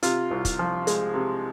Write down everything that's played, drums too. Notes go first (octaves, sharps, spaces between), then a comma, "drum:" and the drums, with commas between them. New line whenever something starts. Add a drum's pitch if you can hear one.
C3 F4, drum: hi-hat
C2
drum: kick, hi-hat
F3
G#3, drum: hi-hat
C3